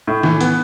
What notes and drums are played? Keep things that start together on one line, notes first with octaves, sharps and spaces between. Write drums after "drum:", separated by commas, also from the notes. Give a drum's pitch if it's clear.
A2
E3, drum: snare
B3, drum: hi-hat